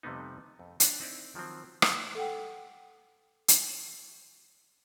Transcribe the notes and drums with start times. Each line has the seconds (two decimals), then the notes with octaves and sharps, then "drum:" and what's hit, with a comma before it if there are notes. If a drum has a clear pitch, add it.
0.03 F2 C3 G3 A3 B3 D#4
0.59 F2
0.80 D4 B4 C#5 F5 A#5, drum: hi-hat
1.00 C4 D#4 E4 D5
1.35 D#3 F3 F#3 C4
1.82 drum: rim click
2.15 A4 F#5 G5
3.48 drum: hi-hat